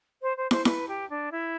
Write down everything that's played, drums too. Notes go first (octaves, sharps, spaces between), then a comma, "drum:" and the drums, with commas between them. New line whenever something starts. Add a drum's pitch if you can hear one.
C5
C5
C5, drum: snare
B4, drum: snare
G4
D4
E4